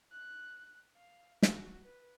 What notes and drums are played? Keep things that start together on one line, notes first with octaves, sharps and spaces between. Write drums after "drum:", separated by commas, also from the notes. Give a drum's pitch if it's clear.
F#6
F5
F#4, drum: snare
B4